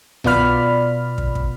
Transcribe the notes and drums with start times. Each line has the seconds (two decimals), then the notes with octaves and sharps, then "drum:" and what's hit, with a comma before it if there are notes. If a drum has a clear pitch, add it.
0.24 B2 B3 F4 D5 B5 F6, drum: tom C2
1.18 drum: kick
1.35 drum: kick